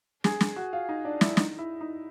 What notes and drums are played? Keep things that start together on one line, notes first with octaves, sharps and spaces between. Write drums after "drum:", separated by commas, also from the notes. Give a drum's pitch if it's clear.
G#4, drum: snare
drum: snare
F#4
F4
D#4
D4
E4, drum: snare
D#4, drum: snare
E4
D#4